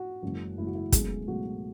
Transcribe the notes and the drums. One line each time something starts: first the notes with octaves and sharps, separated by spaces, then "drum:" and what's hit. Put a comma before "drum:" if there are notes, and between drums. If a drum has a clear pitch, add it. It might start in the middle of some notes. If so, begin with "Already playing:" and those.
Already playing: F#4
F#1 F#2 C#3 E3 G#3
F#1 F#2 C#3 E3 G#3 E4
F#4
E4
C#2 B2 F#3 A3 G#4, drum: kick, hi-hat
C#2 B2 F#3 A3 F#4